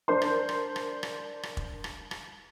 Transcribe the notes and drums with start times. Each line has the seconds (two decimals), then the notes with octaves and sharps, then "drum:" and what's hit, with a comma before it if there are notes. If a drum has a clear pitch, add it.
0.08 D4 A#4 C5 C6
0.22 drum: rim click
0.49 drum: rim click
0.76 drum: rim click
1.03 drum: rim click
1.43 drum: rim click
1.57 drum: kick F1
1.84 drum: rim click
2.11 drum: rim click